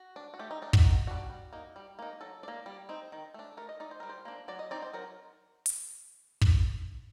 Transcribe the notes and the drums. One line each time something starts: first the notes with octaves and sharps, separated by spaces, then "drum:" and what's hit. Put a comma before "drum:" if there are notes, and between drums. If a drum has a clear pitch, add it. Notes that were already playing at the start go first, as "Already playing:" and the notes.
Already playing: F#4
D4
F#4
A3 G4
D#4
D4 D#4
F#4, drum: kick
D#3 F#4
G3 D4 F#4
G3
A#3 D#4
G3
A#3 D#4
F#3 A4
A#3 D4 D5
G3
C4 D#4
D#3
A3 D4
A3 A#4
D#5
D#4 D5
C5
G3 A#4
C5
A#3 D4
F#3 D5
D#5
C4 D#4 D5
C5
F#3 A#4
drum: hi-hat
drum: kick